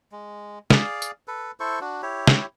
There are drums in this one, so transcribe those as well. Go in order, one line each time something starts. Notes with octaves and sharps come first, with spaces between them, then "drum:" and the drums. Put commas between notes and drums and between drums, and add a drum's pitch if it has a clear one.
G#3
G#4 D5 F5, drum: snare
drum: tambourine
A4 B4
E4 A4 C5 C#6
D4 F#4
E4 G4 C#5
drum: snare